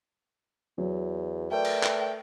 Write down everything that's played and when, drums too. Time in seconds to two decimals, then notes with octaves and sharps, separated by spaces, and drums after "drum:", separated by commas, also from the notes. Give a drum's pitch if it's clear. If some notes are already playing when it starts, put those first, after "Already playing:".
0.78 E2 F#3
1.51 A3 A#4 B4 D5 G5
1.65 drum: cymbal
1.83 drum: clap